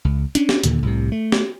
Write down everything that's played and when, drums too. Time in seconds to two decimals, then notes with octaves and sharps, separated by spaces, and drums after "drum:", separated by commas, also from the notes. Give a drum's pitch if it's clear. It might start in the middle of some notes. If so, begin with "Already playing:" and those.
0.05 C#2
0.35 C#4 D4, drum: hi-hat
0.49 drum: snare
0.64 D#2 A#2 D3, drum: hi-hat
0.82 C2 A2 C3
1.12 A3
1.32 drum: snare